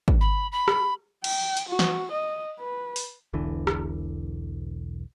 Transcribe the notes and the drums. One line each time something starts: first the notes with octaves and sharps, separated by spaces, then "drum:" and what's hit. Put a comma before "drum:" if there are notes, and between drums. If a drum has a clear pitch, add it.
drum: kick
B5
B5
drum: rim click
G5, drum: cymbal
drum: hi-hat
F#4
drum: snare
D#5
B4
drum: open hi-hat
E1 B1 D3 E3
drum: rim click